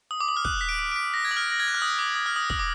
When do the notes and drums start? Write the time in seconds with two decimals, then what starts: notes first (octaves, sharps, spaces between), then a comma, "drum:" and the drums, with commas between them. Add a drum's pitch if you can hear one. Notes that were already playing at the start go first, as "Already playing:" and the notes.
0.11 D#6
0.21 D6
0.28 D#6
0.37 F6
0.45 F#6, drum: kick
0.61 B6
0.69 D7
0.79 D7
0.92 D7
0.96 B6
1.14 A#6
1.25 G#6
1.31 D#6
1.37 F6
1.52 A#6
1.60 G#6
1.67 F#6
1.75 F6
1.82 D#6
1.99 D6
2.16 D#6
2.26 F6
2.36 D#6
2.50 D#6, drum: kick
2.59 D6